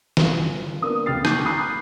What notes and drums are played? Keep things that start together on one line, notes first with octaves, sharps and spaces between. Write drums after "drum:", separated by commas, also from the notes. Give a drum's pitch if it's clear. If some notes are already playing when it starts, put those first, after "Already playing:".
G1 F5, drum: snare
A#3 B3 D4 A#4 D#6
D2 C#3 G5 F6 A6 C7
C#6 D6 G6 C7, drum: rim click
A#5 B5 D6 D#6 F#6 C7